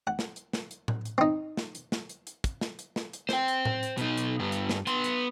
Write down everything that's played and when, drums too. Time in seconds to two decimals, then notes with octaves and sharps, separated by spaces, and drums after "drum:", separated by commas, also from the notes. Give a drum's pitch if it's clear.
0.07 F#5
0.19 drum: snare
0.36 drum: hi-hat
0.53 drum: snare
0.71 drum: hi-hat
0.88 drum: tom A2
1.05 drum: hi-hat
1.18 C4 D#4
1.57 drum: snare
1.75 drum: hi-hat
1.92 drum: snare
2.09 drum: hi-hat
2.27 drum: hi-hat
2.44 drum: kick, hi-hat
2.61 drum: snare
2.79 drum: hi-hat
2.96 drum: snare
3.13 drum: hi-hat
3.29 C5 G5, drum: snare
3.48 drum: hi-hat
3.65 drum: tom A2
3.83 drum: hi-hat
3.98 B2 D#4, drum: hi-hat
4.17 drum: hi-hat
4.40 G2 B3
4.52 drum: hi-hat
4.69 drum: snare
4.87 B3 C6, drum: hi-hat
5.04 drum: hi-hat